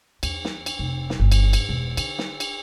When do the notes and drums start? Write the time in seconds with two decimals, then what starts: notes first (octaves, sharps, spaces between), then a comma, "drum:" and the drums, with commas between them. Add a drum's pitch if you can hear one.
0.23 E2, drum: cymbal
0.45 drum: snare
0.66 drum: cymbal
0.79 F1
1.10 drum: snare
1.20 G1
1.32 drum: cymbal
1.53 drum: cymbal
1.69 E1
1.97 D3, drum: cymbal
2.19 drum: snare
2.40 drum: cymbal